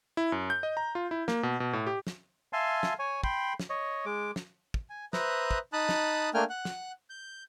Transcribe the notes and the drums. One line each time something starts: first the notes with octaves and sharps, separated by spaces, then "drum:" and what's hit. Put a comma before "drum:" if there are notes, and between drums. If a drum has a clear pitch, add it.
E4
F#2
G6
D#5
A#5
F4
E4
A#3, drum: snare
B2
B2
A2
G4
drum: snare
E5 F5 G#5 A5 C6
drum: snare
C#5 G#5
G5 B5 C6, drum: kick
drum: snare
C#5 D#5
G#3 D6
drum: snare
drum: kick
G#5
B4 C5 E5 A#5 D#6 F#6, drum: snare
drum: kick
D#4 A5 B5 D#6 F#6
drum: snare
A3 A#3 D4 G5 G#5 F6
F#5 F#6
drum: snare
G6